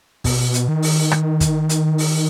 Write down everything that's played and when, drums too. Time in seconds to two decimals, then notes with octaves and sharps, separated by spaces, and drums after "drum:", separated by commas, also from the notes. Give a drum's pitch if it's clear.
0.24 B2, drum: kick, open hi-hat
0.54 drum: hi-hat
0.68 D#3
0.83 drum: open hi-hat
1.11 drum: rim click
1.40 drum: kick, hi-hat
1.69 drum: hi-hat
1.98 drum: open hi-hat